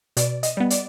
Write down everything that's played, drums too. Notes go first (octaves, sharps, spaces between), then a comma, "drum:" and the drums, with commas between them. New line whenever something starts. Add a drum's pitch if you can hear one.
B2 D5, drum: hi-hat
D#5, drum: hi-hat
G3 B3
D5, drum: hi-hat